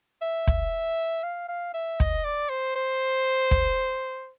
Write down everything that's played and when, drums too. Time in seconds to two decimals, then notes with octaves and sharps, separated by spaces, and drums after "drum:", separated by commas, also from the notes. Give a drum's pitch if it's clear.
0.22 E5
0.47 drum: kick
1.23 F5
1.48 F5
1.74 E5
2.00 D#5, drum: kick
2.24 D5
2.49 C5
2.75 C5
3.51 drum: kick